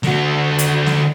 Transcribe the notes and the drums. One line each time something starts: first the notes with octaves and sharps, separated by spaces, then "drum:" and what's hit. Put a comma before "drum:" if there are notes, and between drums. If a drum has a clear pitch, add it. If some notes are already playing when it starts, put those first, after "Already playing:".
D3 F#4, drum: snare
drum: hi-hat
drum: snare